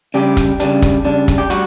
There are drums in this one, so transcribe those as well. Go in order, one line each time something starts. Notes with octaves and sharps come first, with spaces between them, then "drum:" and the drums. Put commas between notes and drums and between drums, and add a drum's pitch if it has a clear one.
C#3 G3 D4 G4
drum: kick, hi-hat
C#3 G3 D4, drum: hi-hat
drum: kick, hi-hat
C#3 G3 D4
drum: kick, hi-hat
G4
G3 F#4, drum: hi-hat